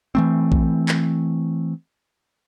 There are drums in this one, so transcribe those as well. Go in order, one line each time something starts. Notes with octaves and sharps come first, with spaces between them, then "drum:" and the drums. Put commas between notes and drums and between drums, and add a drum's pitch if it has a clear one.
E3 A3 C4
drum: kick A#1
drum: clap